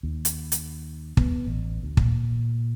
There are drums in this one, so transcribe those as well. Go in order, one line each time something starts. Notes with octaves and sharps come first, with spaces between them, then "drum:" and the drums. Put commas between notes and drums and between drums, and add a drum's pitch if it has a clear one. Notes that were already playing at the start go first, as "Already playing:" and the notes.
D#2
drum: hi-hat
drum: hi-hat
B3, drum: kick
A1
D2
A#2, drum: kick